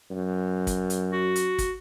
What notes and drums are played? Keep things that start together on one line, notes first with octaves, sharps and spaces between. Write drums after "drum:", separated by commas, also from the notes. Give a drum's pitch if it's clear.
F#2
drum: kick, hi-hat
drum: hi-hat
F#4
drum: hi-hat
drum: kick, hi-hat